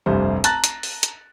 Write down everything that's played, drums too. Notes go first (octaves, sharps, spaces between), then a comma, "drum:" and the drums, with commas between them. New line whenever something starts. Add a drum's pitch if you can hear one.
F1 C2 G2 C5
A5 A#5 F#6 A6 A#6, drum: hi-hat
drum: hi-hat
drum: open hi-hat
drum: hi-hat